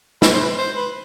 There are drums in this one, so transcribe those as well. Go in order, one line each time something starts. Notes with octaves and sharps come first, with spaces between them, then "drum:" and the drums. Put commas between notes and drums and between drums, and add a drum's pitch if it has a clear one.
B4, drum: snare
C5
B4
C5
B4